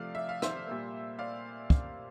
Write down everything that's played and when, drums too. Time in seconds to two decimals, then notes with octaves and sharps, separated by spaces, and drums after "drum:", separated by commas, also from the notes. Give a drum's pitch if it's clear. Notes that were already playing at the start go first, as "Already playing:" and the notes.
Already playing: C3 F3 A3 D5 F5
0.15 E5
0.29 F5
0.42 C5 E5, drum: rim click
0.67 A#2 G3 A#3
1.19 D5 F5
1.70 drum: kick